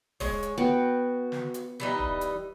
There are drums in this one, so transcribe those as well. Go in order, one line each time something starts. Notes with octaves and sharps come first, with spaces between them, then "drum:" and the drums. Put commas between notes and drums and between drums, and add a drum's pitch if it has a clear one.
G#3 C#5, drum: kick, open hi-hat
drum: hi-hat
B3 F#4 G5
drum: snare
drum: hi-hat
E3 G3 D#4
drum: kick
drum: hi-hat